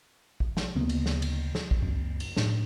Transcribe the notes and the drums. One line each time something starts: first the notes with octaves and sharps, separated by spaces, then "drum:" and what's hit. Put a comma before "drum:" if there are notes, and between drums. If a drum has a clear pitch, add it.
drum: kick
drum: snare
D2 C#3 A#3 B3
drum: cymbal
drum: snare
drum: cymbal
drum: snare
drum: kick
C#2 F#2
drum: cymbal
A2 D4, drum: snare